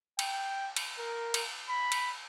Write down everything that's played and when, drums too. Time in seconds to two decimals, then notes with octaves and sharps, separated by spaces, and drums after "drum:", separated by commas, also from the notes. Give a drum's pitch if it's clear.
0.19 G5, drum: cymbal
0.76 drum: cymbal
0.99 A#4
1.34 drum: cymbal
1.69 B5
1.92 drum: cymbal